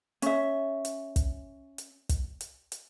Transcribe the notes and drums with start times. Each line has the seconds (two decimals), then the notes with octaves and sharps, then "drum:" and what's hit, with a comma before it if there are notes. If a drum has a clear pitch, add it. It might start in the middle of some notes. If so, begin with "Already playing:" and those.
0.22 C#4 E5, drum: hi-hat
0.85 drum: hi-hat
1.16 drum: kick, hi-hat
1.78 drum: hi-hat
2.09 drum: kick, hi-hat
2.41 drum: hi-hat
2.72 drum: hi-hat